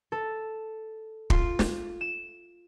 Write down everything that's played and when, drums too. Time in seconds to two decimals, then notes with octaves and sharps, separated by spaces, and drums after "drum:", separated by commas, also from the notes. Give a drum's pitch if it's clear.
0.12 A4
1.30 F4, drum: kick
1.59 drum: snare
2.01 E7